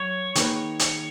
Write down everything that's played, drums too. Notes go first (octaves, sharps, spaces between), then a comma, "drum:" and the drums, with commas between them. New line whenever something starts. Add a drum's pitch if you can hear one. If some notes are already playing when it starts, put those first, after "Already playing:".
Already playing: F#3 C#5
D#3 A#3 D#4 G#4 B4, drum: hi-hat
drum: hi-hat